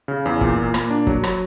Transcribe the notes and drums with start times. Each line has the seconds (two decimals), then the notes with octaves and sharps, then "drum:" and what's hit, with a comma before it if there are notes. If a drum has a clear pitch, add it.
0.08 C#3
0.26 E2
0.41 A#2, drum: kick
0.58 A#2
0.74 A#3, drum: rim click
0.90 D4
1.07 F#3, drum: kick
1.23 F#3, drum: rim click